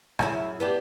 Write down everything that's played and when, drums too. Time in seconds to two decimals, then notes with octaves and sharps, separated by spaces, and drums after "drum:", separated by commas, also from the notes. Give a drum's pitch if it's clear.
0.19 F#2 C#3 E4, drum: rim click
0.60 B3 D4 G4